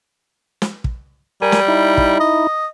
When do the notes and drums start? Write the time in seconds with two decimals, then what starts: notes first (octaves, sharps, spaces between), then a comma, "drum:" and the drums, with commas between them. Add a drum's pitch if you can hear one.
0.62 drum: snare
0.84 drum: kick
1.42 G3 A#4 G#5
1.52 drum: snare
1.68 D#4 E4
1.97 drum: kick
2.20 D#5